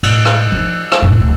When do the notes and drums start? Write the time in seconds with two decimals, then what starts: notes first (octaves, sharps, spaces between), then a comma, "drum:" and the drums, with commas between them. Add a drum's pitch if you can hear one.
0.03 A2, drum: cymbal
0.25 drum: rim click
0.52 F3 D#4
0.92 drum: rim click
1.02 F#2 A2
1.20 D1